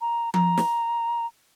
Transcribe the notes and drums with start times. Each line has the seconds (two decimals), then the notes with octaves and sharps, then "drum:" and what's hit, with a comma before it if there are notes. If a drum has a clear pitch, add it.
0.01 A#5
0.34 A#5, drum: tom F3
0.58 drum: snare